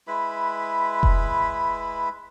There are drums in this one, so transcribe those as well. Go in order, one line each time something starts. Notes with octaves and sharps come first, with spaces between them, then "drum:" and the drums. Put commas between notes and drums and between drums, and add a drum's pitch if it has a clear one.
G#3 E4 B4 B5
drum: kick F1